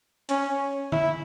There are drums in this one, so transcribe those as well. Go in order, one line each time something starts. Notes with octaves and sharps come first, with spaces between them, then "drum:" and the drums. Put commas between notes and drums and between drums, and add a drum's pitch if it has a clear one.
C#4, drum: hi-hat
E4, drum: tom D3